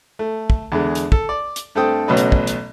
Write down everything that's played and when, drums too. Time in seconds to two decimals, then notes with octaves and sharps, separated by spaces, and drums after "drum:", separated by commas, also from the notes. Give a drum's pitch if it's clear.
0.19 A3
0.50 drum: kick
0.72 E2 D3 G#3
0.95 drum: hi-hat
1.12 A4, drum: kick
1.29 D5
1.56 drum: hi-hat
1.75 G2 A3 C4 A4 G5 D#6
2.08 A1 B2 F#3 C#4 B4 D#5
2.17 drum: hi-hat
2.32 drum: kick
2.47 drum: hi-hat